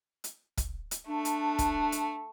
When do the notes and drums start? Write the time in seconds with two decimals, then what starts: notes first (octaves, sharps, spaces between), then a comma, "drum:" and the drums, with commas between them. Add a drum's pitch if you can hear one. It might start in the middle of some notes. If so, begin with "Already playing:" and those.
0.24 drum: hi-hat
0.57 drum: kick, hi-hat
0.91 drum: hi-hat
1.08 A3 D4
1.25 drum: hi-hat
1.59 drum: kick, hi-hat
1.92 drum: hi-hat